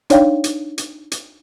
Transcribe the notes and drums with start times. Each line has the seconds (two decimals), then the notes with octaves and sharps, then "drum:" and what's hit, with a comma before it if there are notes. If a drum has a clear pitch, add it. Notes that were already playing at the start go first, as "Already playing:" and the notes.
0.10 D4 D#4 C#5 D5 F5 G5, drum: hi-hat
0.44 drum: hi-hat
0.78 drum: hi-hat
1.12 drum: hi-hat